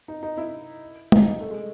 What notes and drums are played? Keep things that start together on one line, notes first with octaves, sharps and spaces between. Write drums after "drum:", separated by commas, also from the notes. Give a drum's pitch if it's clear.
D#4
D#4
E4
D#4, drum: tom
A3
G#3